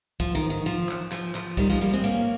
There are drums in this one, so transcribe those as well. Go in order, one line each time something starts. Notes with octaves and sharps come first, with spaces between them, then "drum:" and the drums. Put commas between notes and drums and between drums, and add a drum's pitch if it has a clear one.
F3, drum: kick, hi-hat
D#3
D#3
F3
drum: clap
F3, drum: clap
F3, drum: clap
D#3 G3, drum: kick, hi-hat
F3 G#3
G3 A#3, drum: hi-hat
G#3 C4
A#3 C#4, drum: hi-hat